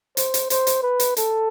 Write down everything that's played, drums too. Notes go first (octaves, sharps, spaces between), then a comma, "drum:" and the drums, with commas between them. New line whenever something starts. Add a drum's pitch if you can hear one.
C5, drum: hi-hat
drum: hi-hat
C5, drum: hi-hat
drum: hi-hat
B4
drum: hi-hat
A4, drum: hi-hat